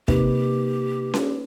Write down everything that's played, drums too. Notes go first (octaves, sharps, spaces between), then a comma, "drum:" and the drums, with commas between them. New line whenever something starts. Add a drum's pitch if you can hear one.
C3 A#3 D#4 G4 B4, drum: kick
drum: snare C#4